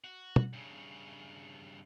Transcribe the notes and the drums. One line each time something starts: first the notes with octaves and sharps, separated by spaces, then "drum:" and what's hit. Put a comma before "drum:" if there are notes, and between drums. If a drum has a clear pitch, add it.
F#4
drum: tom
G2 C#3